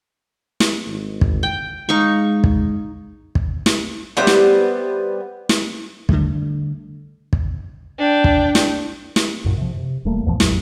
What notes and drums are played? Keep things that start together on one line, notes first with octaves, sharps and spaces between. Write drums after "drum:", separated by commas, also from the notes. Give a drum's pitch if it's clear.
drum: snare
G#1
drum: kick
G5
G#3 D#4 F5 C#6
drum: kick
drum: kick
drum: snare
G3 B3 C5 E5
drum: snare
drum: snare
D3 E3 G3 A3, drum: kick
drum: kick
D4 G5
drum: kick
drum: snare
drum: snare
B1 F#2 A#2
C3 F3
C3
E1 G3 A3 A#3
G#1 E2 A#2 F3
A1 F2 G#2 F#3, drum: snare